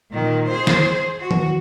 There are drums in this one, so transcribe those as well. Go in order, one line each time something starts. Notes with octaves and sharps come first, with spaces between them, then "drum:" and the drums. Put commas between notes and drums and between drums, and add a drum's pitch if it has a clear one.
A#2 D#3
G#4 C5
drum: snare
F#4
drum: tom D#3